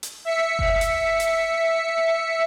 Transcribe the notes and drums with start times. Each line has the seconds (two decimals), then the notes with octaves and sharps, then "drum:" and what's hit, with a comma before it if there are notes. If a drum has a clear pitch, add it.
0.03 drum: hi-hat
0.25 E5 B6 C#7
0.59 drum: kick F#1
0.81 drum: hi-hat
1.20 drum: hi-hat